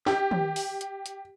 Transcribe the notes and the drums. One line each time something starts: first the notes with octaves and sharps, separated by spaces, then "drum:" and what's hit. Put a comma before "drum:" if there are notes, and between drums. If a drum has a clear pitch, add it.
G4, drum: snare
drum: tom D#3
drum: open hi-hat
drum: hi-hat
drum: hi-hat